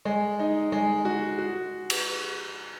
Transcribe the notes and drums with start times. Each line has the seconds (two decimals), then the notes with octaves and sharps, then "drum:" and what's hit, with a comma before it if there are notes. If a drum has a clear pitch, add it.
0.05 G#3
0.39 D#4
0.72 G#3
1.05 F#4
1.38 F#4
1.90 drum: cymbal